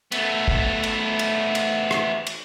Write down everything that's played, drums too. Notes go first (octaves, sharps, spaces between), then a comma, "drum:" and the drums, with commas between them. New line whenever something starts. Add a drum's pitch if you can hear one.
A3 B3, drum: cymbal
drum: kick
drum: cymbal
drum: cymbal
drum: cymbal
drum: rim click
drum: cymbal